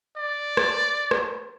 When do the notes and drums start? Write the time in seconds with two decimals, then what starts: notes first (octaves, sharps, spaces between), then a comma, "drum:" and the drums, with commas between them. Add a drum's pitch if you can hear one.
0.17 D5
0.57 drum: rim click
1.11 drum: rim click